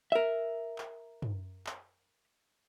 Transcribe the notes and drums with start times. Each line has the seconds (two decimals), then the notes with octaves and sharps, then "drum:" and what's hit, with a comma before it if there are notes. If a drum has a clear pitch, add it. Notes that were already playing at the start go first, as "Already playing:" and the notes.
0.12 A#4 E5
0.78 drum: clap
1.22 drum: tom
1.67 drum: clap